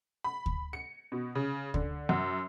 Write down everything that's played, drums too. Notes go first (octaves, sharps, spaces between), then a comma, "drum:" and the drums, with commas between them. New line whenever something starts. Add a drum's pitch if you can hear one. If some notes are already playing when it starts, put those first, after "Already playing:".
B5
drum: kick D2
C#7
B2
C#3
D3, drum: kick D2
F#2